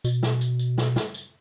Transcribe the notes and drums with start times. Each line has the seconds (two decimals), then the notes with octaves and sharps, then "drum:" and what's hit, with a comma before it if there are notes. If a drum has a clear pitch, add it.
0.04 B2, drum: tambourine
0.23 drum: snare
0.41 drum: tambourine
0.59 drum: tambourine
0.78 drum: snare
0.96 drum: snare
1.14 drum: tambourine